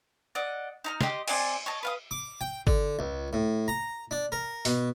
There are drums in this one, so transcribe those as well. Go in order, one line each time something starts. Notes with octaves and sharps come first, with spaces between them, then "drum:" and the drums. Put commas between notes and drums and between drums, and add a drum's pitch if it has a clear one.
D5 D#5 F#5 E6
D#4 A#5 F6
G4 D#5 C6, drum: snare
C4 G#4 D5 G#5, drum: cymbal
C#5 D#5 A5
B4 F5 D#6
D6
G5
D3, drum: kick
C#2
A2
A#5
D4
A#4
B2, drum: open hi-hat